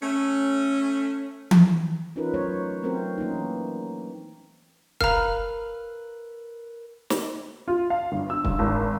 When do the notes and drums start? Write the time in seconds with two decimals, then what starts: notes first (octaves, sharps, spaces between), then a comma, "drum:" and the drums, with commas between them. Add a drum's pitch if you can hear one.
0.03 A3 C#4
1.51 drum: tom E3
2.16 C#4 D#4 F4 A#4 B4
2.34 E3 F#3 A3 A#4 C5 C#5
2.83 F#3 A3 C4 F#4 A#4 C5
3.18 E3 A#3 C#4 D#4
5.01 A#4 B4 F5 A#5 F6, drum: kick
7.10 drum: snare
7.68 F4
7.90 F5
8.12 G1
8.30 E6
8.45 G1, drum: kick
8.59 G#1